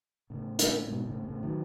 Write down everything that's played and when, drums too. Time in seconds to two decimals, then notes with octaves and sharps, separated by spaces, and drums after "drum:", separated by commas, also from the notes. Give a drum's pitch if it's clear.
0.30 A2 C#3
0.59 drum: hi-hat
0.86 G#2 B2
1.05 A2 C#3
1.24 A2 C#3
1.43 D#3 F#3